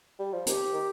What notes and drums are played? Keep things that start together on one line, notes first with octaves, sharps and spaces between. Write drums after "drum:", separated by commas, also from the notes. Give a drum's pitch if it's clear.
G3
F3
D#3 G4, drum: hi-hat
D#3